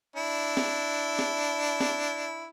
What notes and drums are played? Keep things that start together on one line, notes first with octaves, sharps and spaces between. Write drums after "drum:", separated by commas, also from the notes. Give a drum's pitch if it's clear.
D4 E4
drum: snare
drum: snare
drum: snare